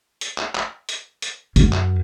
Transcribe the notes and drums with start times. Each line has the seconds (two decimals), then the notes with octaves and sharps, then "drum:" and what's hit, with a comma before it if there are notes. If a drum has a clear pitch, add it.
0.21 drum: hi-hat
0.38 drum: clap
0.55 drum: clap
0.89 drum: hi-hat
1.22 drum: hi-hat
1.56 F#2, drum: hi-hat
1.73 drum: clap